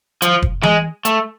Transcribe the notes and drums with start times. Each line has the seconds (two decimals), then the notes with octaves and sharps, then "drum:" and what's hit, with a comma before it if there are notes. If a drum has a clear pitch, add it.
0.22 F3, drum: hi-hat
0.42 drum: kick
0.63 G#3, drum: tom E3
1.05 A3, drum: hi-hat